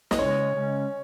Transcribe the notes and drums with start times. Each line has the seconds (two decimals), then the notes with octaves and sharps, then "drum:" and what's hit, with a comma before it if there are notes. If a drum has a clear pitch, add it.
0.11 D#5, drum: snare
0.18 C#3 G#3 C#4 C#5
0.54 C#3 G#3 C#4